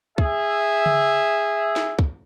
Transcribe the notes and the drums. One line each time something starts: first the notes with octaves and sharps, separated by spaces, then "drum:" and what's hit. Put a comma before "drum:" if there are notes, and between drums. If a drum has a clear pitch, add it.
G#4 E5, drum: kick
drum: tom C#3
drum: snare
drum: kick